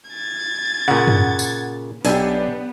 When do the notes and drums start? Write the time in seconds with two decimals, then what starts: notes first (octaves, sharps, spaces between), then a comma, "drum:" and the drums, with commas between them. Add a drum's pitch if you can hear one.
0.11 G#6 A6
0.88 A#2 C#3 F#5
1.07 drum: tom
1.39 drum: tambourine
2.05 B1 B3 D4 G4 E5 G#5, drum: open hi-hat